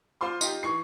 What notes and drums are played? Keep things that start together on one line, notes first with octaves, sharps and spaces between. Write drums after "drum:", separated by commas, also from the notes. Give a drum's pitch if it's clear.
F4 C5 C6 D6
D#4 F4 G4, drum: tambourine
E3 C#6 C7